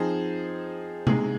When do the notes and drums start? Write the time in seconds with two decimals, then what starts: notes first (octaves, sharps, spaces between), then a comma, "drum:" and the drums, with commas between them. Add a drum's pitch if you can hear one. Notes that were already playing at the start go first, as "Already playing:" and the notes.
Already playing: F3 C4 D#4 G#4 C5
1.07 C3 G#3 D#4 G#4, drum: tom C3